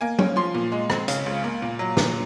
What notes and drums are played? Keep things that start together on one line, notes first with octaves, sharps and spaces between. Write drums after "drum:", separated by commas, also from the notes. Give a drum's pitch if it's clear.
A#3 G#5
C#4, drum: tom
F3 C6
A#2
G#3
C4, drum: rim click
C#3, drum: hi-hat
C#2
A#3
A#2
F#3
A#2, drum: snare